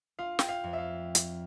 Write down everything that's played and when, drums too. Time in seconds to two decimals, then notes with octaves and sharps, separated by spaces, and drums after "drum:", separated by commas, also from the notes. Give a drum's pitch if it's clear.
0.19 F4 F5
0.39 G5, drum: snare
0.49 F5
0.64 F2
0.73 E5
0.78 F5
1.15 drum: hi-hat